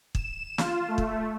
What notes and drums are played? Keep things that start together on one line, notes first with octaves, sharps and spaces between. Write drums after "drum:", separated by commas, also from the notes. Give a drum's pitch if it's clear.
E7, drum: kick
F4, drum: snare
A3
drum: kick